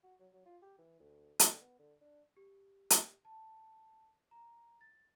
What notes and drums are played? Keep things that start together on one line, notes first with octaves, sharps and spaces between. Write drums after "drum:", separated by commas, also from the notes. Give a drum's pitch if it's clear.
F#4
F#3
F#3
F4
G4
E3
D2
D3, drum: hi-hat
B3
D3
D4
G4
drum: hi-hat
A5
A#5
A6